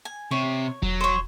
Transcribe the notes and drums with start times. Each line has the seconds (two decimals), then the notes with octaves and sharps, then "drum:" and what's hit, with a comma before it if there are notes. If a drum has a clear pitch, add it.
0.05 G#5
0.31 C3 C#5
0.82 F#3, drum: kick E1
1.01 C5 C#5